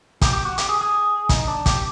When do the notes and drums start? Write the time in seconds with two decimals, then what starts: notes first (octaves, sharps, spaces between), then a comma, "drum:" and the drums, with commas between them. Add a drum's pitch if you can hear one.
0.21 G4, drum: kick, hi-hat
0.33 G4
0.45 F#4
0.58 G4, drum: hi-hat
0.69 G#4
0.81 G#4
1.29 D#4, drum: kick, hi-hat
1.48 D4
1.66 G4, drum: kick, hi-hat